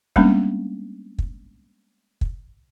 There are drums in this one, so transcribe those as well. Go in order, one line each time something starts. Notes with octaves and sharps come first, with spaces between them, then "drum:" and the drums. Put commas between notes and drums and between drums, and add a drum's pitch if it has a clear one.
G3 G#3 A#3 B3 C#4 D4, drum: kick
drum: kick
drum: kick